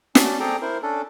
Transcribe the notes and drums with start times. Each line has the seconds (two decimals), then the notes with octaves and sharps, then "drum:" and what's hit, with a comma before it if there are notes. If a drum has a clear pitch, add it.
0.15 C#4 D5 A5, drum: snare
0.40 C4 G#4 A4 D5 G5 A#5
0.62 E4 A#4 C5
0.83 C#4 D4 A4